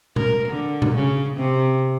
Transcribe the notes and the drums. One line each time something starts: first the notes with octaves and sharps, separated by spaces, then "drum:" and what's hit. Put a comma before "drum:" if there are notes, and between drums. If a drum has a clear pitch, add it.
A#4, drum: tom B2
D3
drum: tom B2
C#3
C3